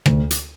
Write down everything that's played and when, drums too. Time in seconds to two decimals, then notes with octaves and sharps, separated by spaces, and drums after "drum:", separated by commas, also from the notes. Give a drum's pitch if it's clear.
0.06 D2, drum: rim click
0.31 drum: hi-hat